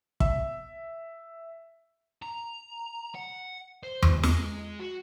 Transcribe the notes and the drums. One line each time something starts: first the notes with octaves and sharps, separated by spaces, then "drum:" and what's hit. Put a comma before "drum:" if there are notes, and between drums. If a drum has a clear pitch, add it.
E5, drum: kick
A#5
F#5
C5
drum: tom E2
G#3, drum: snare
F#4